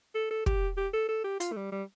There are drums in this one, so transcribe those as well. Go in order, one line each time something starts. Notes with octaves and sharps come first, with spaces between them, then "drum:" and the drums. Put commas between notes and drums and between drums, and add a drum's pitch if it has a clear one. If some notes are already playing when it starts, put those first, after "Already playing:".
A4
A4
G4, drum: kick
G4
A4
A4
G4
F4, drum: hi-hat
A3
G3
G3